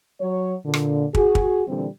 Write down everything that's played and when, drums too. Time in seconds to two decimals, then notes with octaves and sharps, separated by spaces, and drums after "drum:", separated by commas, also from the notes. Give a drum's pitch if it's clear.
0.20 F#3 C#5
0.64 A#2 D3
0.74 drum: rim click
1.15 F#4 G#4, drum: kick
1.35 drum: kick
1.67 A#2 D3 E3 G3 C4